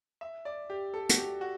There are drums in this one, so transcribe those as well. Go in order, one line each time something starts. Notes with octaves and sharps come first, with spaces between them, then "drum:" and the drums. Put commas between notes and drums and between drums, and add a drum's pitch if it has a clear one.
E5
D5
G4
A4
F#4, drum: hi-hat
G4
F#4